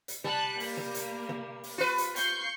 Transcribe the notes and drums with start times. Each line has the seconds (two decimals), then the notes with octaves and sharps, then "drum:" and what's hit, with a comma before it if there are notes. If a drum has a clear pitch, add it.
0.08 drum: hi-hat
0.24 G3 A5 F#6, drum: tom
0.60 A#3, drum: open hi-hat
0.77 drum: tom
0.94 drum: hi-hat
1.29 drum: tom
1.64 drum: open hi-hat
1.78 F4 B4
1.98 drum: hi-hat
2.16 C#6 G6 C7, drum: hi-hat